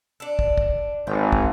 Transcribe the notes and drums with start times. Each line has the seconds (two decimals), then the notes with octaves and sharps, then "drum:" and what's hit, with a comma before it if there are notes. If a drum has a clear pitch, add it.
0.20 D4 A4
0.39 drum: kick
0.58 drum: kick
1.07 G#1 G5
1.32 drum: kick